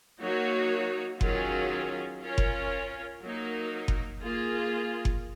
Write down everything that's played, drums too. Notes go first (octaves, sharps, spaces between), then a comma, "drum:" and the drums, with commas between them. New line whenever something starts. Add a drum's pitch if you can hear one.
F#3 A#3 D#4 F#4 C#5
D#3 F#3 C#4 F4 G#4, drum: kick F#1
C#4 F4 A#4 C#5
drum: kick F#1
F#3 A#3 D#4 A#4
drum: kick F#1
A#3 F4 G#4
drum: kick F#1